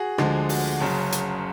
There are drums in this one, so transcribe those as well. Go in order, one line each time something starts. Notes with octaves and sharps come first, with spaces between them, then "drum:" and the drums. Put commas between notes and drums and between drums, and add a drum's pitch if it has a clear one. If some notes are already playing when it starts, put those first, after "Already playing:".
Already playing: F#4 G#4
D2 D3 F3 G#3, drum: rim click
F#4, drum: open hi-hat
F#1 F#2 C#3
drum: hi-hat